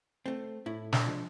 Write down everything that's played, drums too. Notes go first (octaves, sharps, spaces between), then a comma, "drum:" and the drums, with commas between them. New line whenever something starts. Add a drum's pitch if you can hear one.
A3 C4
A2 E4
D4, drum: snare
F3 G#3